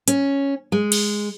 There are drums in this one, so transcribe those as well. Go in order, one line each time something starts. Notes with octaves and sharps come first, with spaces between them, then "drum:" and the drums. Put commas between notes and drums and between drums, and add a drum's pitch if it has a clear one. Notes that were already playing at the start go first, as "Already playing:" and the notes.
C#4, drum: hi-hat
G#3
drum: cymbal